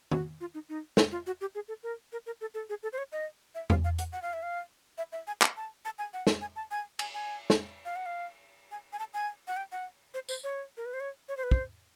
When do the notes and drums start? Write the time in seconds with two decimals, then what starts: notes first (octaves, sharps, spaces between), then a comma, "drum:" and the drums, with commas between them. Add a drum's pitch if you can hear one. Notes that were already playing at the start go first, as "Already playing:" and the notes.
0.11 F#4, drum: tom D#3
0.41 F4
0.54 D#4
0.69 D#4
0.97 E4, drum: snare
1.12 F4
1.27 F#4
1.41 G4
1.55 G#4
1.68 A4
1.83 A#4
2.12 A#4
2.26 A#4
2.41 A4
2.54 A4
2.69 G#4
2.83 A4
2.93 C5
2.98 C#5
3.12 D#5
3.55 E5
3.70 F5, drum: tom E2
3.84 F5
3.98 F#5, drum: hi-hat
4.12 F#5
4.22 F5
4.33 E5
4.43 F5
4.98 E5
5.12 E5
5.27 G#5
5.42 A5, drum: clap
5.56 A5
5.85 A5
5.98 G#5
6.13 F#5
6.27 drum: snare
6.41 G#5
6.56 A5
6.71 G#5
6.99 G#5, drum: cymbal
7.14 G#5
7.50 drum: snare
7.85 F5
7.96 F#5
8.06 F5
8.71 G#5
8.93 G#5
8.99 A5
9.14 G#5
9.48 F#5
9.57 G5
9.72 F#5
10.14 C5
10.29 C5, drum: tambourine
10.44 C#5
10.77 A#4
10.86 B4
10.93 C5
11.00 C#5
11.29 C#5
11.37 C5
11.44 B4
11.51 C5, drum: kick